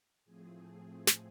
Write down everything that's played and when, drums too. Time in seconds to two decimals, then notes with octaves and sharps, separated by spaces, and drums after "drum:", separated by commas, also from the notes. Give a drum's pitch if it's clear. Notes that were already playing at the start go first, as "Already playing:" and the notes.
0.25 A2 F3 A3 C4 G#4
1.07 drum: snare